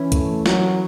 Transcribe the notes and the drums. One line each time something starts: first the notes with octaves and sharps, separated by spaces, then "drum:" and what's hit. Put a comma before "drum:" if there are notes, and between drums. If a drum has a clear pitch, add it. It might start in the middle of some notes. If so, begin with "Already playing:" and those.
Already playing: E3 C#4 E4
A3, drum: kick, hi-hat
F#3, drum: snare